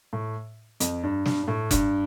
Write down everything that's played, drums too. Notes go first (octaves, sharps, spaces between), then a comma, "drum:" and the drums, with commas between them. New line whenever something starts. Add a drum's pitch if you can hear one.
A2
F2, drum: hi-hat
G2
G2, drum: snare
G2
A2
G2, drum: kick F1, hi-hat